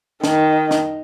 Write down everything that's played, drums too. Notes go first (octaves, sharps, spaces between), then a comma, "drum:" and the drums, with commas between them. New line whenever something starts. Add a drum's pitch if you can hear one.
D#3, drum: snare
drum: snare